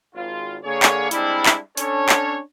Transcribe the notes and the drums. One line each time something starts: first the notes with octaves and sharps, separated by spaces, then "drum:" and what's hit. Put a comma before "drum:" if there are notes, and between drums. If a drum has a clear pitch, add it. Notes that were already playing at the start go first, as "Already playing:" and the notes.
G#1 F4
D3 A#3 G#4 C#5
drum: clap
G3 G#3 C4 D4 E4, drum: hi-hat
drum: clap
C#4 D4 A4 C#5, drum: hi-hat
drum: clap